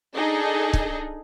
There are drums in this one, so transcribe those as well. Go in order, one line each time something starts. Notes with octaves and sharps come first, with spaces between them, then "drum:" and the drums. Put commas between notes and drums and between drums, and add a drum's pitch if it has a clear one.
D4 D#4 G#4 A4 D#5
drum: kick